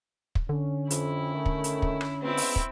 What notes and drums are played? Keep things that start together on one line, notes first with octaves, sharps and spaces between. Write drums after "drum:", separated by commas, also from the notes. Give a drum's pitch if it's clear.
drum: kick
D3 C#4
F2 E4, drum: hi-hat
D#3 A3
drum: kick
drum: hi-hat
drum: kick
drum: rim click
G#3 B3 C4 E4
drum: open hi-hat
drum: kick